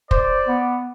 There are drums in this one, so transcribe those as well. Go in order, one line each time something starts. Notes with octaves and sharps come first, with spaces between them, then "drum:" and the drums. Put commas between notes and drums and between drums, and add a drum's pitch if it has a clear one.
C5 D5, drum: kick
B3